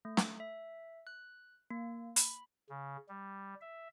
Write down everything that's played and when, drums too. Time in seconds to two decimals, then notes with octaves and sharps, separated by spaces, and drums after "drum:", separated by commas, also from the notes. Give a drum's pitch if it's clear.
0.05 A3
0.17 drum: snare
0.40 E5
1.07 F#6
1.71 A#3
2.16 B5, drum: hi-hat
2.70 C#3
3.09 G3
3.61 E5